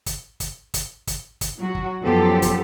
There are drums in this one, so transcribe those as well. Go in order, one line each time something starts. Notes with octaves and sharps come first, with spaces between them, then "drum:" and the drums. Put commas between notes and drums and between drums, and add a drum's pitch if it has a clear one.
drum: kick, hi-hat
drum: kick, hi-hat
drum: kick, hi-hat
drum: kick, hi-hat
drum: kick, hi-hat
F#3 F#4
drum: kick
F#2 F3 B3 G4 A4 C5
drum: kick, hi-hat